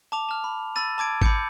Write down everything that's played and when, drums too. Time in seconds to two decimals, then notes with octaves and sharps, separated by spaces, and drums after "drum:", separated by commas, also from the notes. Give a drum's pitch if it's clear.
0.12 A5 D6 F7
0.29 A5 F6
0.44 B5
0.75 B5 E6 A6 D#7
0.98 A5 D6 G#6 D7
1.22 B5 D6 G6 C#7, drum: kick G#1